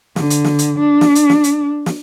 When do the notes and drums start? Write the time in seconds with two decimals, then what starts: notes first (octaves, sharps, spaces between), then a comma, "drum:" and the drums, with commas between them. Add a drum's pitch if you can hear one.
0.16 D3, drum: snare
0.30 drum: hi-hat
0.44 drum: snare
0.59 drum: hi-hat
0.79 D4
1.01 drum: snare
1.15 drum: hi-hat
1.30 drum: snare
1.44 drum: hi-hat
1.86 drum: snare